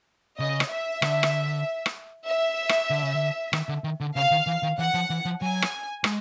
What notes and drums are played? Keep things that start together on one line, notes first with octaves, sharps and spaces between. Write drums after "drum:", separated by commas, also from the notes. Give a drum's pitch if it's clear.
C#3 D#5
drum: rim click
E5
D3, drum: rim click
drum: rim click
drum: rim click
E5
drum: rim click
D3
C#3
D3
D#3, drum: rim click
D3
D#3
D3
C#3 F5
D#3
E3
D#3
E3 F#5
F3
E3
F3
F#3 G#5
drum: rim click
G#3, drum: rim click